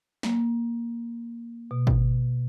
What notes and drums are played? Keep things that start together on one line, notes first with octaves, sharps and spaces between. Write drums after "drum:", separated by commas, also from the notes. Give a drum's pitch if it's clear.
A#3, drum: snare
B2
drum: kick